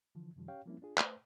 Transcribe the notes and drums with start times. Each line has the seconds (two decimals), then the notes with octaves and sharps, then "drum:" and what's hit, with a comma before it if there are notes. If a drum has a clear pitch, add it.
0.15 D3 E3 F3
0.36 F#2 C3 D#3 F3 G3
0.48 C#4 G4 C#5 F5 G5
0.66 F3 G3 A#3 C4 C#4 E4
0.82 D4 F4 G#4
0.98 A3 B4 C5, drum: clap